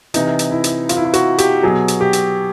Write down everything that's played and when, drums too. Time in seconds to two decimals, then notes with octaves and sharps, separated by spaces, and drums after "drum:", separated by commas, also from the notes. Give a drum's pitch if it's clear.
0.14 C3 E3 D#4, drum: hi-hat
0.39 drum: hi-hat
0.51 E4
0.64 drum: hi-hat
0.89 F4, drum: hi-hat
0.97 E4
1.05 F4
1.13 F#4, drum: hi-hat
1.38 G4, drum: hi-hat
1.63 B2 F#3 G#4
1.88 drum: hi-hat
2.01 G4
2.13 drum: hi-hat